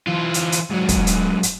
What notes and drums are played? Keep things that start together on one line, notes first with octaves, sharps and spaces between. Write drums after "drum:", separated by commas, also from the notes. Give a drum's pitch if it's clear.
E3 F4
drum: hi-hat
drum: hi-hat
G#2 F#3
drum: kick, hi-hat
drum: hi-hat
drum: hi-hat